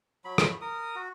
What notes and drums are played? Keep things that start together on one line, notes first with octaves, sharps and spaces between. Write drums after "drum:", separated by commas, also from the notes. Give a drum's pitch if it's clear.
F#3 B5
drum: rim click
A#4 D#6
F#4